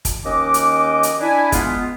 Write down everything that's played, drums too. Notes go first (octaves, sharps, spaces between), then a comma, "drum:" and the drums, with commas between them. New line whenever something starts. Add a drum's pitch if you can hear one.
drum: kick, hi-hat
D#2 C#4 D#5 D6
drum: hi-hat
drum: hi-hat
D4 E4 G#5
G#3 B3 F4, drum: kick, hi-hat